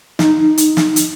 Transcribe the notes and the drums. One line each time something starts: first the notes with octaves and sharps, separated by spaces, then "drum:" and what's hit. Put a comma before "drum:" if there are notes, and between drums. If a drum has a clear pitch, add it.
D#4, drum: snare
drum: hi-hat
drum: snare
drum: hi-hat